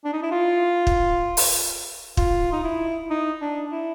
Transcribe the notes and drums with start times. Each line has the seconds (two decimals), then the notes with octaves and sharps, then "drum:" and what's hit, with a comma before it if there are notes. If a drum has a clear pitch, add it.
0.05 D4
0.13 D#4
0.23 E4
0.31 F4
0.87 drum: kick
1.37 drum: open hi-hat
2.17 F4, drum: kick
2.52 D#4
2.64 E4
3.10 D#4
3.41 D4
3.72 E4